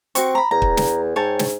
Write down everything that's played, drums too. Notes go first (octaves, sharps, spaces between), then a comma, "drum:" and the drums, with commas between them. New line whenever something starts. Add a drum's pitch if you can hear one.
C4 F#4 C#6, drum: hi-hat
A#5 B5
E2 A#5
drum: kick
drum: snare
G#2 C#5 G5 A5
drum: snare